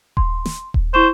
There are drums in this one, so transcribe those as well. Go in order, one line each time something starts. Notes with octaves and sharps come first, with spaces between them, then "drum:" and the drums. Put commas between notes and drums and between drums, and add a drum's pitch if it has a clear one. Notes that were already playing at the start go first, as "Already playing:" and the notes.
C6, drum: kick D#1
drum: snare
drum: kick D#1
E4 C5 C#6 E7